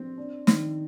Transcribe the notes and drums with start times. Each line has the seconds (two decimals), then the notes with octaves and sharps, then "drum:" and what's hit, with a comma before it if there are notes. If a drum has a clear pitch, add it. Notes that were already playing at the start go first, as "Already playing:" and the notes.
Already playing: C4
0.17 D4
0.47 D#3, drum: snare